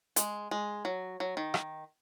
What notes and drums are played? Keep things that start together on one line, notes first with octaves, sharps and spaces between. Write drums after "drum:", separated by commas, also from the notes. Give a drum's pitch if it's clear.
G#3, drum: hi-hat
G#3
F#3
F#3
D#3
drum: rim click